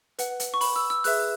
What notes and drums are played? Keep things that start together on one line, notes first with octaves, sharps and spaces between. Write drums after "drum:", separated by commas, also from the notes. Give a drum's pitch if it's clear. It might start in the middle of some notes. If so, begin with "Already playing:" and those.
B4 F#5, drum: hi-hat
drum: hi-hat
C#6
B5, drum: open hi-hat
E6
E6
G#4 B4 E5 F#6, drum: open hi-hat